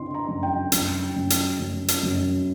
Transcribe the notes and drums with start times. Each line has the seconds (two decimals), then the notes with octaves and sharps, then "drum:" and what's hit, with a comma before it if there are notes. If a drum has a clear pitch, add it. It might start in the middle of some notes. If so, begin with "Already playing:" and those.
Already playing: D3 C4 C6
0.14 A#5
0.28 F#2
0.43 G5
0.72 F#2, drum: hi-hat
1.16 F#2
1.30 drum: hi-hat
1.59 F#2
1.88 drum: hi-hat
2.03 F#2